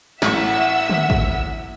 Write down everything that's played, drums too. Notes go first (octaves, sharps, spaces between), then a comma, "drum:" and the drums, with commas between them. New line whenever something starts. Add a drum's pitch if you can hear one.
A1 E5 F#5 C#6 E6, drum: snare
drum: tom D3
drum: kick